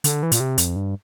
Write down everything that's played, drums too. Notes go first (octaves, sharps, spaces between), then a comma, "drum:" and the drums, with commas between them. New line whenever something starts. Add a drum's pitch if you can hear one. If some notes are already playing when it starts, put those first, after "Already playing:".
D3, drum: hi-hat
E3
A#2, drum: hi-hat
C3
F2, drum: hi-hat
G2